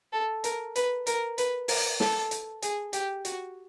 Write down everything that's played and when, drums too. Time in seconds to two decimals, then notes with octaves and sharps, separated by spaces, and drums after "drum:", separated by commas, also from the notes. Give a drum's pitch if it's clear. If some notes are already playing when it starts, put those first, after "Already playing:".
0.13 A4
0.44 A#4, drum: hi-hat
0.76 B4, drum: hi-hat
1.07 A#4, drum: hi-hat
1.38 B4, drum: hi-hat
1.68 A#4, drum: open hi-hat
2.00 A4, drum: snare
2.31 drum: hi-hat
2.62 G#4, drum: hi-hat
2.93 G4, drum: hi-hat
3.25 F#4, drum: hi-hat